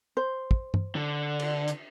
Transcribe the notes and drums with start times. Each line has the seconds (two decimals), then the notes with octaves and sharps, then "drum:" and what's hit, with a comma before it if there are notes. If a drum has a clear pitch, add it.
0.17 C5
0.51 drum: kick
0.74 drum: tom G2
0.95 D3
1.39 drum: cymbal
1.68 drum: hi-hat